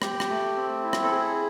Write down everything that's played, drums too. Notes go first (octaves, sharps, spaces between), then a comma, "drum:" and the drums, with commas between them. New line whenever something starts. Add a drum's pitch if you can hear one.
G4, drum: rim click
drum: rim click
A3
C4
E4
drum: rim click
A4
G#4